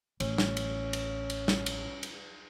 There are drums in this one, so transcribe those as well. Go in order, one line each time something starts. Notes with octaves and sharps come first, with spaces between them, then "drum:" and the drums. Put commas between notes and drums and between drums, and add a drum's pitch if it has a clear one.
A1 C#4, drum: cymbal
drum: snare
drum: cymbal
drum: cymbal
drum: cymbal
drum: snare
drum: cymbal
drum: cymbal